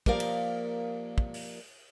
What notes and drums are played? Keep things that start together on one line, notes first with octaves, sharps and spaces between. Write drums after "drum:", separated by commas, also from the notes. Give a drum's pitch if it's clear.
F3 A#3 G4 A#4 D5 F5, drum: kick
drum: cymbal
drum: kick
drum: open hi-hat